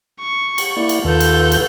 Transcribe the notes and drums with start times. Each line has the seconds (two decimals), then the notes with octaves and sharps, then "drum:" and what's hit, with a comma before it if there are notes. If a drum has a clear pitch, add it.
0.20 C#6
0.58 drum: cymbal
0.77 A#3 E4 D5
0.89 drum: cymbal
1.05 D#2 D#3 F4 A4 B4 G6
1.20 drum: cymbal
1.52 drum: cymbal